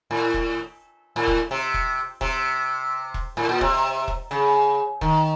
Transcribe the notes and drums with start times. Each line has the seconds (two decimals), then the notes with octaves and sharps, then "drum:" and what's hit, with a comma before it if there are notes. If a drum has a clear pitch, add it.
0.11 A2
0.34 drum: kick E1
1.16 A2
1.27 drum: kick E1
1.51 C3
1.74 drum: kick E1
2.21 C3, drum: kick E1
3.14 drum: kick E1
3.37 A2
3.49 A#2
3.61 C3, drum: kick E1
4.08 drum: kick E1
4.31 C#3
5.01 D#3, drum: kick E1